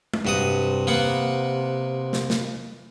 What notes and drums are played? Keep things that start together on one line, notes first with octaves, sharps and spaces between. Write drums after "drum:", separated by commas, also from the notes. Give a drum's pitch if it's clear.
drum: tom
G2 C3 F#4 D#6
A#3 B3 F#5
drum: snare
drum: snare